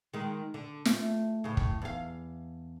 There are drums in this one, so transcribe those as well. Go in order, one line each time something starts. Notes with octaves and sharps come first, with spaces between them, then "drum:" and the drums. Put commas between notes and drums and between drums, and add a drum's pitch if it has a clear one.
D#3 G#3
D3
A3 F4, drum: snare
A2 C#3
drum: kick
E2 F5